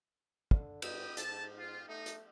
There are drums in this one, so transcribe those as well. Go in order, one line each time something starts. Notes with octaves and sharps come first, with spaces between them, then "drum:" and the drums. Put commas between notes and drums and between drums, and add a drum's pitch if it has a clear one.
D3, drum: kick
G2 G5 B5 D#6, drum: cymbal
G#2 A5, drum: hi-hat
F4
A3 D#4
drum: hi-hat